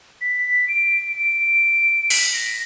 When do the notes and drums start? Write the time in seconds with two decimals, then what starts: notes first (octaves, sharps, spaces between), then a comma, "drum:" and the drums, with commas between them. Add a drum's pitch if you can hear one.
0.21 B6
0.68 D7
1.16 D7
2.10 B6, drum: open hi-hat
2.34 A#6